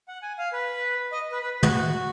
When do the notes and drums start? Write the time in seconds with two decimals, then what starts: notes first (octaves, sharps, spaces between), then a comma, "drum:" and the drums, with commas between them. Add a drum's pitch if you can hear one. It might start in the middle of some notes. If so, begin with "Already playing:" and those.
0.08 F#5
0.22 G#5
0.38 F5
0.52 B4
1.12 D#5
1.32 B4
1.42 B4
1.63 F#4, drum: tom